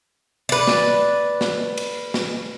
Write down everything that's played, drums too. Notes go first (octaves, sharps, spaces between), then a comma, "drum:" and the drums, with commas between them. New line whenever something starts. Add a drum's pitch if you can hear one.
B4 D5
drum: snare
drum: snare
drum: cymbal
drum: snare